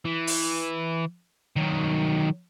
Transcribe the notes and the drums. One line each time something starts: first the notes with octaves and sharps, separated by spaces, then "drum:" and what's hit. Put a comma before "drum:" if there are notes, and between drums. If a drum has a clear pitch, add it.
E3
drum: open hi-hat
D#3 F#3